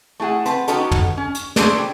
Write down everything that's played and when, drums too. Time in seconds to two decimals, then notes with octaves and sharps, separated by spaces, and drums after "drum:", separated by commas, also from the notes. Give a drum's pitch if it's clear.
0.20 A3 E4 G#4 F#5
0.46 C4 B4 A5, drum: hi-hat
0.68 B3 C#4 D#4 F#4 G4 A4, drum: hi-hat
0.91 drum: tom
1.17 C#4
1.35 drum: hi-hat
1.56 C#4 D4 G#4 A4 C5 D5, drum: snare
1.78 G3